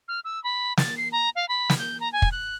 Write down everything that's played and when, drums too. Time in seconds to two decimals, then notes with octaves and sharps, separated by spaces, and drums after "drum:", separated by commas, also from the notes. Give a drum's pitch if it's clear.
0.08 F6
0.25 E6
0.44 B5
0.77 A6, drum: snare
0.97 C7
1.12 A#5
1.36 F5
1.48 B5
1.70 drum: snare
1.79 G6
2.00 A#5
2.13 G#5
2.22 drum: kick
2.32 F#6